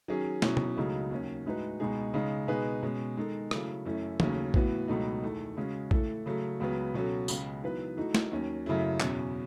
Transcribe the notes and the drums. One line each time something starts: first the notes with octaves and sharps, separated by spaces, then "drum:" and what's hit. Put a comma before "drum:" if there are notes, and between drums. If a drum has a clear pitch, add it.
D#3 F#3 C#4 G#4
B2 F#3 C#4 E4, drum: snare
drum: tom
C#2 C#3 F#3 A3 D#4
D#2 D#3 F#3 C#4
A2 G#3 D#4 F#4 B4
C#2 B2 G#3 D#4 G#4
C#3 G#3 D#4
B2 G#3 D#4 G#4 B4
B2 G#3 C#4
D#3 G#3 D#4 A4
C#3 F#3 A3 E4, drum: rim click
F#2 E3 A3 C#4 E4
D#2 C#3 F#3 A3 C#4, drum: tom
A2 E3 B3 F#4, drum: kick A#1
C#2 B2 F#3 A3 D#4
E2 D#3 A3
C#3 G#3 C#4 F#4
A2 E3 A3 E4 A4, drum: kick A#1
C#3 F#3 A3
C#2 C#3 F#3 B3
B2 F#3 C#4 F#4 A4
C#2 C#3 G#3, drum: tambourine
D#3 F#3 B3 E4 B4
E3 A3 D#4 F#4
drum: snare
D#2 D#3 F#3 C#4
F#2 C#3 F#3 A3 E4
E2 B2 F#3 C#4, drum: clap